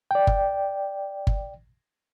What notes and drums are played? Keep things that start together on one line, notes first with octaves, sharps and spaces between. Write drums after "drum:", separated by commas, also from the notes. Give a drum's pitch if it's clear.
D5 G5
drum: kick G1
drum: kick G1